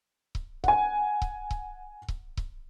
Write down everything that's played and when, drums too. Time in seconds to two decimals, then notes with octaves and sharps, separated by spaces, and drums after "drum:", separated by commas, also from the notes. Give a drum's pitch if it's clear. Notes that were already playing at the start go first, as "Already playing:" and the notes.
0.35 drum: kick C#1
0.64 F#5 G#5, drum: kick C#1
1.22 drum: kick C#1
1.51 drum: kick C#1
2.08 drum: kick C#1
2.37 drum: kick C#1